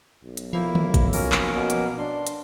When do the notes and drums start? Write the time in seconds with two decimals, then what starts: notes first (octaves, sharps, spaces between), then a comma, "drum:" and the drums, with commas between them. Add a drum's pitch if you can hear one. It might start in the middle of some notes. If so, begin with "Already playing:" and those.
0.25 B1
0.37 drum: hi-hat
0.53 F3 A#3 E4
0.75 drum: tom D#3
0.94 drum: kick, hi-hat
1.13 A#3 C#4 A#4, drum: open hi-hat
1.32 drum: clap
1.55 B2
1.70 drum: hi-hat
1.99 D4 C6
2.27 drum: hi-hat